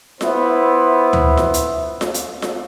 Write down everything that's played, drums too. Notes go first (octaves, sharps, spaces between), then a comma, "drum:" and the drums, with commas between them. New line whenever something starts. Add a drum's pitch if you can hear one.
B3 E4 C5 E5, drum: snare F4
drum: tom D2
drum: snare F4
drum: hi-hat
drum: snare F4
drum: hi-hat
drum: snare F4